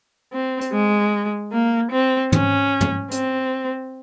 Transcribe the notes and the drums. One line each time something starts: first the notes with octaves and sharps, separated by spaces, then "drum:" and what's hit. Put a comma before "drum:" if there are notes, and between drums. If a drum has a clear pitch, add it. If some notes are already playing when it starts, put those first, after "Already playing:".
C4
drum: hi-hat
G#3
A#3
C4
C#4, drum: tom
drum: tom
C4, drum: hi-hat